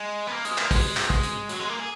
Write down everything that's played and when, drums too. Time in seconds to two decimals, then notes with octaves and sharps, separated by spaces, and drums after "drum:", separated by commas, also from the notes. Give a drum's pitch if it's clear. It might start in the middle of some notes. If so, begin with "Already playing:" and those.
Already playing: G#3
0.27 B3
0.31 A#3
0.45 G#3, drum: hi-hat
0.58 A#3, drum: clap
0.71 G#3, drum: kick, open hi-hat
0.97 drum: clap
1.10 drum: kick
1.23 drum: hi-hat
1.49 F#3, drum: hi-hat
1.59 G#3
1.69 A#3
1.79 G#4